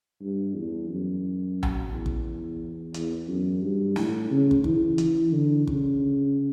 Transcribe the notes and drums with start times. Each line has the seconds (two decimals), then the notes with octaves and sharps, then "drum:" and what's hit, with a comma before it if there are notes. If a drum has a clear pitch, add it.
0.21 G2
0.54 E2
0.89 F#2
1.63 drum: tom A#1
1.91 E2
2.06 drum: kick
2.94 E2, drum: hi-hat
3.28 F#2
3.62 G2
3.96 A2, drum: snare
4.30 C#3
4.51 drum: kick
4.64 E3, drum: kick
4.98 E3, drum: hi-hat
5.32 D3
5.67 C#3, drum: kick